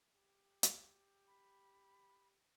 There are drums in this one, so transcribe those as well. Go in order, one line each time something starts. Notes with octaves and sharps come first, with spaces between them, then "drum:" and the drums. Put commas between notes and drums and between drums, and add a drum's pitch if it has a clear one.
G4
drum: hi-hat
B5